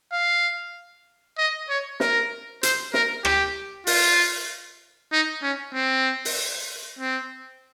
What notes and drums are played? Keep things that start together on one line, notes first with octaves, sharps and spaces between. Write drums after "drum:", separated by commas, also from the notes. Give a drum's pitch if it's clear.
F5
D#5
C#5
A#4, drum: snare
C5, drum: hi-hat
A#4, drum: snare
G4, drum: rim click
F4, drum: open hi-hat
D#4
C#4
C4
drum: open hi-hat
C4